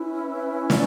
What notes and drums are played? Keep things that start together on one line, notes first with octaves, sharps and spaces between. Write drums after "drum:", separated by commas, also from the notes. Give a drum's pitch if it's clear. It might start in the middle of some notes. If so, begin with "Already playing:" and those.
Already playing: C#4 E4 B4
D5, drum: snare